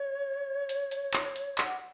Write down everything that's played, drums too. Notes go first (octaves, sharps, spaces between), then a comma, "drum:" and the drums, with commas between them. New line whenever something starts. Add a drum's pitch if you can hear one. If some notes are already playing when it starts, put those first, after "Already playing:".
Already playing: C#5
drum: hi-hat
drum: hi-hat
drum: clap
drum: hi-hat
F#5, drum: clap